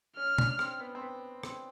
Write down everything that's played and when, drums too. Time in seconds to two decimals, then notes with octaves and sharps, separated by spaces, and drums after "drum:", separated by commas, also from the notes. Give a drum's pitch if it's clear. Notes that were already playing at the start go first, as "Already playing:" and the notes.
0.17 C#4 F6
0.38 D4, drum: tom
0.59 C4, drum: rim click
0.80 B3
0.95 C4
1.01 B3
1.43 C4, drum: rim click